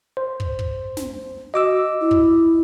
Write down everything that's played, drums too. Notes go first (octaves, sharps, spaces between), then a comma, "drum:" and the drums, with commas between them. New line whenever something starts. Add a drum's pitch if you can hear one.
C5
drum: kick
drum: kick
drum: snare
F#4 D#5 D6 E6
E4
drum: kick